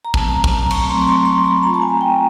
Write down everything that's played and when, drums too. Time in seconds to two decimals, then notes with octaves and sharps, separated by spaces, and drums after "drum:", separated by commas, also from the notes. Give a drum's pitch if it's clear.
0.05 A#5
0.14 F#3 A3 C4 A5, drum: kick
0.29 A5
0.33 A#5
0.44 drum: kick
0.71 C#6, drum: cymbal
0.88 F#3 A3 C4 C6
1.01 C6
1.07 C#6
1.25 C6
1.44 B5
1.63 A3 C4 F4 A#5
1.74 A5
1.82 G#5
2.01 G5